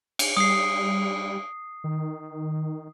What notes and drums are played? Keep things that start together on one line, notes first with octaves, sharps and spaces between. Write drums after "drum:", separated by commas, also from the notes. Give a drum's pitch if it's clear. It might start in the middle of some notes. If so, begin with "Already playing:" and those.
drum: cymbal
G3 D#6 C7
D#3